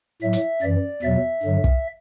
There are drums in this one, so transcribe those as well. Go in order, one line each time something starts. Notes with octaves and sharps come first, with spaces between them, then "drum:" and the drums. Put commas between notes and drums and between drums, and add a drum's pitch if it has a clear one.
A2 F#3 E5
drum: hi-hat
F#2 E3 D5
E2 B2 F#3 E5
G2 D3 F#3
drum: kick